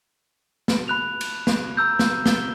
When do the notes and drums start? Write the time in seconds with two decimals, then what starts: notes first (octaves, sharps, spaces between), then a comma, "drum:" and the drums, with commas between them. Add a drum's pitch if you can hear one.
0.68 drum: snare
0.88 B5 F#6 F7
1.21 drum: cymbal
1.47 drum: snare
1.77 A#5 E6 G6
1.99 drum: snare
2.26 G7, drum: snare